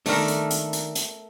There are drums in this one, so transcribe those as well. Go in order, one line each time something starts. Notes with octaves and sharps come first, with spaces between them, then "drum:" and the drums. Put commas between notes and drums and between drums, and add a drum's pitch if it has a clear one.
D#3 A3 D4 A#4, drum: open hi-hat
drum: hi-hat
drum: hi-hat
drum: hi-hat
drum: hi-hat